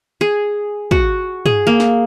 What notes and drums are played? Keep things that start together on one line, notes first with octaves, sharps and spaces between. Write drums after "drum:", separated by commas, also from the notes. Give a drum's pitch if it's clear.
G#4
F#4, drum: kick
G#4, drum: tom
A#3
drum: snare